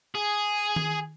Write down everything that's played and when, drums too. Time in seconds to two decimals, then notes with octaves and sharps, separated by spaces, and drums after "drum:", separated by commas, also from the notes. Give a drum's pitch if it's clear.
0.15 G#4
0.76 drum: tom D#3